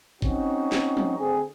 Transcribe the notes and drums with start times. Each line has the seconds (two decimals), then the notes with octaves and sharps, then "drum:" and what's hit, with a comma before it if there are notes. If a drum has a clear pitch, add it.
0.22 C4 C#4 D#4 F#4, drum: kick
0.72 drum: snare
0.97 drum: tom
1.18 D2 C4 G#4